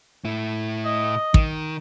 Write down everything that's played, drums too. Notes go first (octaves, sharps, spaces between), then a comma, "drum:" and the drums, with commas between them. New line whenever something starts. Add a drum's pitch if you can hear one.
A2 E4
D#5
D#3, drum: kick